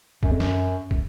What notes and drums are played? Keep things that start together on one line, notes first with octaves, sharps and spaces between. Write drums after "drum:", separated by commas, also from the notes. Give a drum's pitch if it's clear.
F#2, drum: kick
F2
F#2, drum: snare
drum: kick